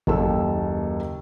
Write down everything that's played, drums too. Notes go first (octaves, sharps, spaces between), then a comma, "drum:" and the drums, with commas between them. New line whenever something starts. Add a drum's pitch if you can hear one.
F#1 D#2 A4 E6, drum: kick G#1